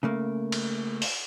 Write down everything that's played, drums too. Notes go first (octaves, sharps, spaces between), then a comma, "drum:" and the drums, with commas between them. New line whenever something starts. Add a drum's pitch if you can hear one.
C#3 A3 A#3
drum: cymbal
drum: open hi-hat